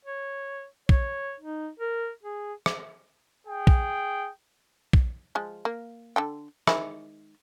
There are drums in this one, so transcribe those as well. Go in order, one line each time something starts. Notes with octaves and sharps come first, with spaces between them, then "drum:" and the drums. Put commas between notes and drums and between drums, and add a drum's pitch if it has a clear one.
C#5
C#5, drum: kick
D#4
A#4
G#4
drum: rim click
G#4 G5
drum: kick
drum: kick
F3 G#3
A#3
D3 A4 G5
D#3 G#3 E4, drum: rim click